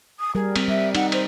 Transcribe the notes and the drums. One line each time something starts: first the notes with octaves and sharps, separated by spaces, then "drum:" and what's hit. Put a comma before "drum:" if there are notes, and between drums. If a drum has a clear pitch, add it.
D#6
G3 G#4 A#4
G3 C4, drum: cymbal
G3 E5
D#4 F#5, drum: cymbal
C5, drum: cymbal